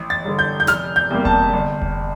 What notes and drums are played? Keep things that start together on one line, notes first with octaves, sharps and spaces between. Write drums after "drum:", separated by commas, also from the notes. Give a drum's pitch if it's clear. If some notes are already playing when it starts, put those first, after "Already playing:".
Already playing: A1
A6
G2 D3
G6
G6
F1 F6, drum: snare
G6
E2 C3 G3 A#3
A5, drum: kick F1
G1
drum: kick F1